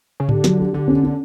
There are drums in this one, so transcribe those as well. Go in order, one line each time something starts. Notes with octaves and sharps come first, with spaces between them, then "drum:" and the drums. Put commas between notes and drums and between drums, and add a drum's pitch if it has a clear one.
C#3
D3 G4, drum: tom G#2
F#3, drum: snare
G4
D3 G4
C#4
C#4